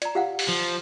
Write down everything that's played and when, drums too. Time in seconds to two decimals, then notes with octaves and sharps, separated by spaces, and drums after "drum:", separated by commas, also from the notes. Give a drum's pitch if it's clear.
0.02 D5 A#5, drum: hi-hat
0.15 G4 F5 F#5
0.39 drum: open hi-hat
0.48 F3